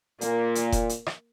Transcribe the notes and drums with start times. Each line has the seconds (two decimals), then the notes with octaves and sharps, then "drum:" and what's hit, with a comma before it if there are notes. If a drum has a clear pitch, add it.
0.21 A#2 A#3, drum: hi-hat
0.55 drum: hi-hat
0.72 drum: kick F1, hi-hat
0.89 drum: hi-hat
1.06 drum: rim click